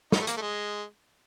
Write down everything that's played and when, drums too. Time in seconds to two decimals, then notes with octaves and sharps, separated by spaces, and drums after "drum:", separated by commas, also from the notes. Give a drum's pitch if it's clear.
0.12 D#4, drum: snare
0.21 A3
0.27 A#3, drum: hi-hat
0.37 A3
0.41 G#3